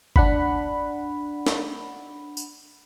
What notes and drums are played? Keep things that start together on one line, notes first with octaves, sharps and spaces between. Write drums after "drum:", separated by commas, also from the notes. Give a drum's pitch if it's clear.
D4 F#5 B5, drum: kick G1
drum: snare
drum: tambourine